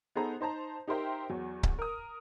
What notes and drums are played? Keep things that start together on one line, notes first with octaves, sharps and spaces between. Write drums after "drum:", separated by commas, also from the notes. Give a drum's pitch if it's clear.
B3 D#4 G#4 A4 C5 A#5
D#4 C5 A5 A#5
D#4 G4 A#4 C5 E5 G5
E2 F#3
drum: kick C#1
A#4 D#6